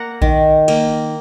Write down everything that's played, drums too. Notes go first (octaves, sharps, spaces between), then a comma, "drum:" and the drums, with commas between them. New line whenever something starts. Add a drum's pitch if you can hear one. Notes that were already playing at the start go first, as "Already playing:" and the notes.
Already playing: A#3 F#5 A#5
D#3, drum: kick A#1
A#3, drum: cymbal